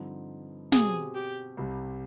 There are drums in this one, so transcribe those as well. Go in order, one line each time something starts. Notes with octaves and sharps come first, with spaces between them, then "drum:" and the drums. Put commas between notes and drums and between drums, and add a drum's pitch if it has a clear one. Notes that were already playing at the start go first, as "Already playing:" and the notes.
Already playing: G2 D3 F3 C4 D#4
B2 G3 C4 G4 G#4, drum: snare
G4
C2 C3 G3